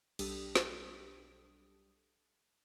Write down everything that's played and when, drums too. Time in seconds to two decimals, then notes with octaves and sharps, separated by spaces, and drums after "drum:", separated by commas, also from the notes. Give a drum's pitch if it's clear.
0.19 B1 G3 D4 G4 A4 D#6, drum: cymbal
0.55 drum: snare